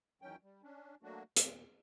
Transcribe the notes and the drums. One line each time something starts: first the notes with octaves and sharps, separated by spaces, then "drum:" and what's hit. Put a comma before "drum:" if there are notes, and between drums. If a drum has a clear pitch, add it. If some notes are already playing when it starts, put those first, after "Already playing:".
E2 D#3 F#3 C#4 G5
G3
C#4 D4
F#3 A3 A#3 D4 F#4
D#2 A#2, drum: hi-hat